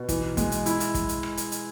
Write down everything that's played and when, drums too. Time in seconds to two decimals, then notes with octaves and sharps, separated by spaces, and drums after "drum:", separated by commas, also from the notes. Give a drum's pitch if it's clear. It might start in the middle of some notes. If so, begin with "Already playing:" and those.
Already playing: B2
0.09 E3, drum: kick, hi-hat
0.37 G#3, drum: kick, hi-hat
0.52 drum: hi-hat
0.66 E4, drum: hi-hat
0.80 drum: hi-hat
0.95 drum: kick, hi-hat
1.09 drum: hi-hat
1.23 drum: rim click
1.37 drum: hi-hat
1.52 drum: hi-hat